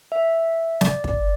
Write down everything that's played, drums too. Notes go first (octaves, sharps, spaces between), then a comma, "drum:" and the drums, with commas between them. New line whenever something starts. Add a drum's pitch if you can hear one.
E5
D5, drum: snare
D5, drum: kick